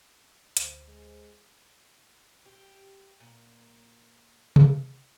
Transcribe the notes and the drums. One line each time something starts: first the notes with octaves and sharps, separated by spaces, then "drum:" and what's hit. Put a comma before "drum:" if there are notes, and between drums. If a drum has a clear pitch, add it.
D2 C5, drum: hi-hat
G#3
G4
A#2
drum: tom C3